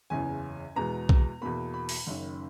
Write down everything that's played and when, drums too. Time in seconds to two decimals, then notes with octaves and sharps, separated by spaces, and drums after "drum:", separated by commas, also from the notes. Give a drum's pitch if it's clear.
0.10 F#1 E2 C#3 E3 G#5
0.76 E2 B2 G#3 B3 A#5
1.09 drum: kick B1
1.41 E2 B2 A#3 B5
1.74 B5
1.89 drum: open hi-hat
2.07 F#1 F#2 D#3